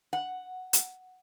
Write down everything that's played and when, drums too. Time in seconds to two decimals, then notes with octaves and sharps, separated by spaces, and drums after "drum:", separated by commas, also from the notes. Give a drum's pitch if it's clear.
0.13 F#5
0.73 drum: hi-hat